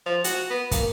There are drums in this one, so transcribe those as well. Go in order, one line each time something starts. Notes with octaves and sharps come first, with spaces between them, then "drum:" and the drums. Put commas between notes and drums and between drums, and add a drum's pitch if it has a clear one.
F3
F#4, drum: hi-hat
B3
A#3, drum: kick, hi-hat